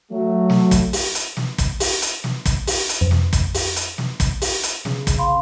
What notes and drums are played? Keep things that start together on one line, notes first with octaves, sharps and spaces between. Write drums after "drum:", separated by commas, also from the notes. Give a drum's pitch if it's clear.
F#3 A3
drum: snare
drum: kick, hi-hat
drum: open hi-hat
drum: hi-hat
drum: snare
drum: kick, hi-hat
drum: open hi-hat
drum: hi-hat
drum: snare
drum: kick, hi-hat
drum: open hi-hat
drum: hi-hat
F2
drum: snare
drum: kick, hi-hat
drum: open hi-hat
drum: hi-hat
drum: snare
drum: kick, hi-hat
drum: open hi-hat
drum: hi-hat
C#3, drum: snare
drum: kick, hi-hat
F5 B5 C6